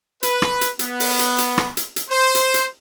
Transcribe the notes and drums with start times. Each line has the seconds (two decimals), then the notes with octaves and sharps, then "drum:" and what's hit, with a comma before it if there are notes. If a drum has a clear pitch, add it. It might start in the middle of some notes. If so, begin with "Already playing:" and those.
0.23 B4, drum: hi-hat
0.42 drum: rim click
0.61 drum: hi-hat
0.79 B3, drum: hi-hat
1.00 drum: open hi-hat
1.19 drum: hi-hat
1.38 drum: hi-hat
1.58 drum: rim click
1.77 drum: hi-hat
1.96 drum: hi-hat
2.09 C5
2.35 drum: hi-hat
2.54 drum: hi-hat